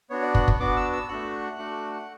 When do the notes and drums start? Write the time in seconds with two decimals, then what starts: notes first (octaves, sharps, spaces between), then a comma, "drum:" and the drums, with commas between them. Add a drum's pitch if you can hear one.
0.10 B3 D4 F#4 C#5
0.22 D5
0.35 F#5, drum: kick
0.48 drum: kick
0.59 B3 D4 F#4 D6
0.76 E6
0.92 E6
1.08 A3 D4 F#4 F#5
1.58 A3 D4 F#4